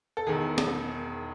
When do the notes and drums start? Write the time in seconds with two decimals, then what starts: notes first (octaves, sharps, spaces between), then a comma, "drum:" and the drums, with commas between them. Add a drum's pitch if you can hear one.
0.17 A4
0.27 E1 E2 D#3 G#4
0.58 drum: snare